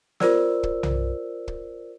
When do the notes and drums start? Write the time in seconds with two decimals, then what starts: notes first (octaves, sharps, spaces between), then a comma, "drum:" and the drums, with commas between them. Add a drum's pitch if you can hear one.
0.20 F4 A#4 C5 D5 E6, drum: snare
0.63 drum: kick
0.83 drum: tom B1
1.48 drum: kick